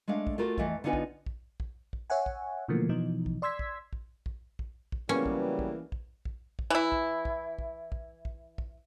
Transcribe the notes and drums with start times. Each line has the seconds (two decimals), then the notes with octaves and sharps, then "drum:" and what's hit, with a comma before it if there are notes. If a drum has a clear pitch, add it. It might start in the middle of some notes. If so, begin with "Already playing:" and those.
0.08 G#3 A3 D4 F5
0.27 drum: kick
0.38 A3 A#3 F4 F#4 A#4
0.58 F2 E3 A3 D#5 F5, drum: kick
0.84 D3 B3 D#4 F4 B4 G#5
0.93 drum: kick
1.26 drum: kick
1.60 drum: kick
1.93 drum: kick
2.10 C#5 E5 F#5 G#5
2.26 drum: kick
2.68 B2 D3 E3 F3 A3 A#3
2.89 B2 E3 F3 D#4
3.26 drum: kick
3.42 D5 C6 E6 G#6 B6
3.59 drum: kick
3.93 drum: kick
4.26 drum: kick
4.59 drum: kick
4.92 drum: kick
5.09 C#3 E3 F#3 G3 A#3 B3 C#4 G#4
5.26 drum: kick
5.59 drum: kick
5.92 drum: kick
6.25 drum: kick
6.59 drum: kick
6.70 E3 E4
6.92 drum: kick
7.25 drum: kick
7.58 drum: kick
7.92 drum: kick
8.25 drum: kick
8.58 drum: kick